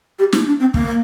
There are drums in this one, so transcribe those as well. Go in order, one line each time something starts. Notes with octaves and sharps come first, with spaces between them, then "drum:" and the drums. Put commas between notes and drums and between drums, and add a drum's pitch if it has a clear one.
G4
D#4, drum: snare
D4
C4
A#3, drum: kick